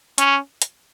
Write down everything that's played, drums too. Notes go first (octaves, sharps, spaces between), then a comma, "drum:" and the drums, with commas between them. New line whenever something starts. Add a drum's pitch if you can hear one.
C#4, drum: hi-hat
drum: hi-hat